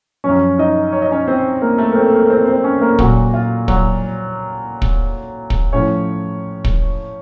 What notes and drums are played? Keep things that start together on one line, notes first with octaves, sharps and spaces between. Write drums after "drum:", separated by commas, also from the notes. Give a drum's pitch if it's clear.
F#2 F3 C#4 C#5
D#4 D#5
C#5
D#5
C#4 C#5
C4 C5
A#3 A#4
A3 A4
A#4
C4 C5
A#3 A#4
A#4
C4 C5
C4 C5
C#4 C#5
A#3 A#4
A#2 F#3 F#4, drum: kick
F4
F#3 F#4, drum: kick
drum: kick
drum: kick
A2 F3 C#4 C#5
drum: kick